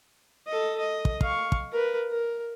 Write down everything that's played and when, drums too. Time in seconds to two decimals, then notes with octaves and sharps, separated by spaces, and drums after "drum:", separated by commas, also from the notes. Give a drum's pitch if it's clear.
0.47 A4 D#5
0.79 D#5
1.05 drum: kick
1.21 F5 C#6, drum: kick
1.52 drum: kick
1.71 A#4 B4
2.10 A#4